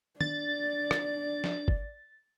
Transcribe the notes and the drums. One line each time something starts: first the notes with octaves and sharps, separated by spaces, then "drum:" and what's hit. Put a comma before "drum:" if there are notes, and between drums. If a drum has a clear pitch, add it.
D4 D5 A6, drum: tom
drum: rim click
drum: snare
drum: kick